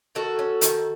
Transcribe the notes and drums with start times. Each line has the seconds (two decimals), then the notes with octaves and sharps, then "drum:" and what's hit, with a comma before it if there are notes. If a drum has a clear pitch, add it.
0.15 D#3 F#4 A4
0.39 C#4
0.61 D#3, drum: hi-hat